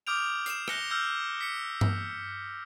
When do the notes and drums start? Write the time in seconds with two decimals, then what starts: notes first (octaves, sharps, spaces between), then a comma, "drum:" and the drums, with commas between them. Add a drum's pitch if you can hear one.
0.07 D6 D#6 F6 G6 D7 F7
0.46 C7 E7, drum: hi-hat
0.68 F#6 A#6 C#7 G7, drum: rim click
0.91 E6 F6 G6
1.41 B6 C#7
1.81 drum: tom G2